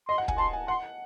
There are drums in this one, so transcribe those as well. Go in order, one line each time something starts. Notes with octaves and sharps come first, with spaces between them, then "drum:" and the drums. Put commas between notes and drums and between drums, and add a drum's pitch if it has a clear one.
D#5 C6
F#5
G#5, drum: kick
A5 C6
G#5
F#5 C6